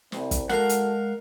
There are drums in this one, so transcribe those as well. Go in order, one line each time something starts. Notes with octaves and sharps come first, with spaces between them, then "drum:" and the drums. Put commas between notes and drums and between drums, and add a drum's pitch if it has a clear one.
C2 C3, drum: snare
drum: kick, hi-hat
G#3 F#4 A4 A#4 F5 F#5 A#5, drum: snare
drum: hi-hat